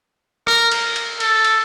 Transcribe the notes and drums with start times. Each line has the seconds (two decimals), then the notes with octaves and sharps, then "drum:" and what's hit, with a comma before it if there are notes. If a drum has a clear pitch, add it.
0.47 A#4, drum: rim click
0.71 drum: cymbal
0.96 drum: cymbal
1.20 A4, drum: cymbal
1.45 drum: cymbal